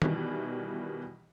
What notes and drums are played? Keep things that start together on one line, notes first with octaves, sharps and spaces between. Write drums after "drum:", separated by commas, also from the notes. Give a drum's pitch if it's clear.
B2 D#3 E3 G3, drum: tom